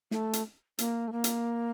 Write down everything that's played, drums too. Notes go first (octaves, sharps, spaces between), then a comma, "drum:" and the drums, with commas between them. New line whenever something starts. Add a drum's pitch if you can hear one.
A3, drum: snare
drum: hi-hat
A#3, drum: hi-hat
A3
A#3
drum: hi-hat